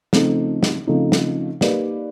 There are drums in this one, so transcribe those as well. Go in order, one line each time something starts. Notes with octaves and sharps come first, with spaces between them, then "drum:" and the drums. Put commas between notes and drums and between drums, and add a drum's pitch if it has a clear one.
C#3 F3 A3 C4 D#4, drum: snare
drum: snare
C#3 F3 A3 C4 D#4
drum: snare
A#3 D#4 G4 B4 D5, drum: snare